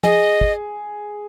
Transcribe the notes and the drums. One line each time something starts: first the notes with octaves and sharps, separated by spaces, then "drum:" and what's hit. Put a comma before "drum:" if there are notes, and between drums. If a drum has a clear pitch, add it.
G#4 D#5, drum: tom F3
drum: kick